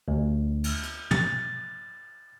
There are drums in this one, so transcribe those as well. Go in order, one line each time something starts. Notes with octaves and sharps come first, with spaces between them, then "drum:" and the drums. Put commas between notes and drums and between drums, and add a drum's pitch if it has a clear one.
D2
drum: cymbal
drum: hi-hat
A6, drum: tom